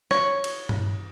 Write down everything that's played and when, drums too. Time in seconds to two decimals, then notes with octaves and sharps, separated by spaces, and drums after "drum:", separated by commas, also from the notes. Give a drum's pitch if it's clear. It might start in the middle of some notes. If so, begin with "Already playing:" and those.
0.11 C#5, drum: rim click
0.44 drum: cymbal
0.69 drum: tom G2